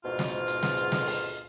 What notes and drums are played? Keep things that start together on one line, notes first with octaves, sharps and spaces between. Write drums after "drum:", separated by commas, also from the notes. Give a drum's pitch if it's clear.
D2 G#2 B2 F4
drum: snare
drum: hi-hat
drum: snare
drum: hi-hat
drum: snare
drum: open hi-hat